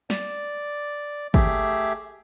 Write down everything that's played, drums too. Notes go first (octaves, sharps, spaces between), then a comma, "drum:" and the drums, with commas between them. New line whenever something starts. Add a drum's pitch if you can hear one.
D5, drum: snare
A3 G4 G#4 E5, drum: kick G#1